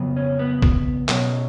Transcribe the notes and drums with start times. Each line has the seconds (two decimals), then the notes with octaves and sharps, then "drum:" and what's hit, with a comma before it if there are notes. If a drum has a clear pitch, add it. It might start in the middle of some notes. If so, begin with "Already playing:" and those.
Already playing: F2 C#3 F#3 B3
0.17 C#4
0.39 B3
0.62 drum: kick A#1
1.08 B2 F#3 B3 C#4, drum: clap